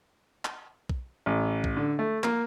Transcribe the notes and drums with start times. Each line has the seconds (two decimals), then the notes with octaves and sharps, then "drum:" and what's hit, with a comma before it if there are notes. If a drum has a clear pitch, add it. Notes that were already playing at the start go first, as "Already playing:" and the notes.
0.45 drum: clap
0.89 drum: kick B1
1.26 A1
1.64 drum: kick B1
1.77 D3
1.99 A3
2.24 A#3, drum: clap